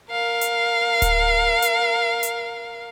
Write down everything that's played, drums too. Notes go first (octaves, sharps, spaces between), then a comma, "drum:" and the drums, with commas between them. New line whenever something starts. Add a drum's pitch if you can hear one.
A#4 F5
drum: hi-hat
drum: kick D1, hi-hat
drum: hi-hat
drum: hi-hat